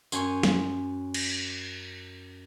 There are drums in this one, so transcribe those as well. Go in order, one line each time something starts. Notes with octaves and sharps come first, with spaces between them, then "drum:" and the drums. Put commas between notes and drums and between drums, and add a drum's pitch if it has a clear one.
F#2 C#5 G#5 C6, drum: tambourine
drum: snare
drum: cymbal